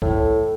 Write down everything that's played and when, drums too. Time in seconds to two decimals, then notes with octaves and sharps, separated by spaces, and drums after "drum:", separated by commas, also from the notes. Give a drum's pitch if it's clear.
0.02 A2, drum: kick B1